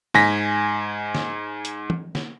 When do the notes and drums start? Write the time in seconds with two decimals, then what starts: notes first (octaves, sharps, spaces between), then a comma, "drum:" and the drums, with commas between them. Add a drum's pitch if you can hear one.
0.14 G#2 G#5 A#6 B6, drum: snare
1.15 drum: snare
1.65 drum: hi-hat
1.90 drum: tom E3
2.15 drum: snare